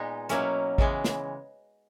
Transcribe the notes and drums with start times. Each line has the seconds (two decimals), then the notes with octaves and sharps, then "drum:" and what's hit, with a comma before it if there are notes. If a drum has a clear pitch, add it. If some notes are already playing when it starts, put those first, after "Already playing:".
Already playing: A#2 G#3 B3 D#4
0.29 B2 F#3 A#3 C#4 E4, drum: hi-hat
0.78 C#3 E3 G#3 B3, drum: kick A1
1.04 drum: snare